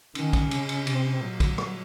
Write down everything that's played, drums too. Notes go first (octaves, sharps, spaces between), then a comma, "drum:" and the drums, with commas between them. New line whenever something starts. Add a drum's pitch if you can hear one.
D#3 C#4, drum: cymbal
drum: kick, cymbal
C#3, drum: cymbal
drum: cymbal
C3 C#4, drum: cymbal
C4
C#4
C4
A#2 F#3
drum: kick, cymbal
drum: rim click